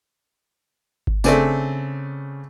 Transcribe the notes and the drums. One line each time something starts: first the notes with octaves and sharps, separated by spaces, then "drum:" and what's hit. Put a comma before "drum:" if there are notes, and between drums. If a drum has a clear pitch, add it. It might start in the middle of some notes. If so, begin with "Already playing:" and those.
drum: kick G1
C#3 A3 C4 D4 G#5 D#7, drum: tambourine